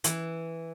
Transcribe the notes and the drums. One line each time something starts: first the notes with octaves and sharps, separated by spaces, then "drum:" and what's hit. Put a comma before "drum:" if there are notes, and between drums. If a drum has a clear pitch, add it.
E3, drum: hi-hat